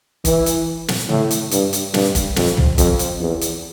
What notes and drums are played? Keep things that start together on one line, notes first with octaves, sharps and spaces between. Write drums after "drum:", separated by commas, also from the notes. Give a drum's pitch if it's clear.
E3, drum: kick, hi-hat
drum: hi-hat
drum: snare
A2, drum: tom C3
drum: hi-hat
G2, drum: hi-hat
drum: hi-hat
G2, drum: snare
drum: kick, hi-hat
F2, drum: snare
drum: tom
F2, drum: kick, hi-hat
drum: hi-hat
E2
drum: hi-hat